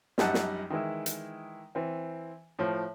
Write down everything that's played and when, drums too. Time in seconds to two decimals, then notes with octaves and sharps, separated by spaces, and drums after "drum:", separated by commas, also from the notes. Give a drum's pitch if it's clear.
0.18 A#1 F#2 G3 D#4 F#5 A5, drum: snare
0.34 drum: snare
0.70 D#3 E3 G#3 E4
1.06 drum: hi-hat
1.75 E3 C4
2.59 A2 F3